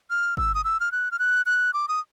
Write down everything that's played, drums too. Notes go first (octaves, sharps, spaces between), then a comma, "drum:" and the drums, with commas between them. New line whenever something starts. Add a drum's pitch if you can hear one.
F6
E6, drum: kick
D#6
E6
F6
F#6
F6
F#6
F#6
D6
D#6